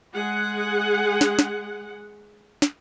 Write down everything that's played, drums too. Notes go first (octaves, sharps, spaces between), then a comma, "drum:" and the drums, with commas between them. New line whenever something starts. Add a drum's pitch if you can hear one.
G#3 G#4 F#5
drum: snare
drum: snare
drum: snare